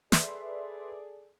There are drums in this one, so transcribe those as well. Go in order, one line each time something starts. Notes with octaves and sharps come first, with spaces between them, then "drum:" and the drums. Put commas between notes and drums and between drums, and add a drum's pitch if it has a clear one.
G#4 A4 B4 D5 E5 C6, drum: snare